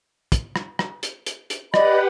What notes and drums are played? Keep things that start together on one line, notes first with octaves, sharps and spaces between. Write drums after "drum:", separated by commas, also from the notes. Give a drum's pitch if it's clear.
drum: kick, hi-hat
drum: rim click
drum: rim click
drum: hi-hat
drum: hi-hat
drum: hi-hat
G4 B4 D5 D#5 F#5 B5, drum: rim click